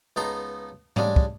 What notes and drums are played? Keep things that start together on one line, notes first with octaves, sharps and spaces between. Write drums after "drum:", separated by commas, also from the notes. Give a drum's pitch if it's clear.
C#2 B3 D#4 A4 A#5 C6
C#3 G3 G#3 D4, drum: tom G#2
drum: kick